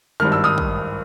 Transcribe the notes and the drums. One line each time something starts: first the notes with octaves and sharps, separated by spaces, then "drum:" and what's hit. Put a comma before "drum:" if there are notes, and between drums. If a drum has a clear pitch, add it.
G#1 G2 D#3 F6
E6
D#6 F6
drum: kick